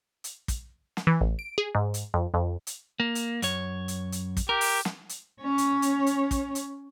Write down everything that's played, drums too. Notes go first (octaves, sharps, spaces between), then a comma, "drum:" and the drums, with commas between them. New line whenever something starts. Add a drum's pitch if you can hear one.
drum: hi-hat
drum: kick, hi-hat
drum: snare
E3
A1
D7
G#4
G#2
drum: hi-hat
F2
F2
drum: hi-hat
A#3
drum: hi-hat
F#2 C#5, drum: hi-hat
drum: hi-hat
drum: hi-hat
drum: kick, hi-hat
G4 A#4
drum: open hi-hat
drum: snare
drum: hi-hat
C#4 C#5
drum: hi-hat
drum: hi-hat
drum: hi-hat
drum: kick, hi-hat
drum: hi-hat